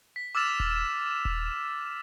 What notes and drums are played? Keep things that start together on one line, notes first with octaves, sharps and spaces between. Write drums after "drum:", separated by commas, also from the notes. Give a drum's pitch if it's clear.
B6
D6 E6 F6 A6 E7 F7
drum: kick D#1
drum: kick D#1